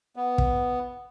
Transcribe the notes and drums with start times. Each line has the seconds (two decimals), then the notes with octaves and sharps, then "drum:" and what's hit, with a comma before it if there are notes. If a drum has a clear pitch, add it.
0.16 B3
0.38 drum: kick